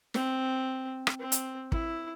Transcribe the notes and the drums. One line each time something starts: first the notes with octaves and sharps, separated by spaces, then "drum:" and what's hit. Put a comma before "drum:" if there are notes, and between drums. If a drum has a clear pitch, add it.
C4, drum: snare
drum: rim click
C4
drum: hi-hat
E4, drum: kick